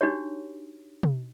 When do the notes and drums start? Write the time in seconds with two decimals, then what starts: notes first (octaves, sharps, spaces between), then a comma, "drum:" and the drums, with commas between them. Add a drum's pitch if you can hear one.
0.01 D4 D#4 F#4 G4 C#5
1.03 drum: tom